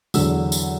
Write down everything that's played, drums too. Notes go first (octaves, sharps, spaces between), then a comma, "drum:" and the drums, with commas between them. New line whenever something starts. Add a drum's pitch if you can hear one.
E2 D3 F#3 E6, drum: tambourine
drum: tambourine